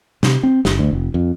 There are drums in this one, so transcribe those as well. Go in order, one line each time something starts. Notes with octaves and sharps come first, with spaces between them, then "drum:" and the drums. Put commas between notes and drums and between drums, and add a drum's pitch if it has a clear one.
C3, drum: snare
C4
F#1, drum: snare
D2
F1
F2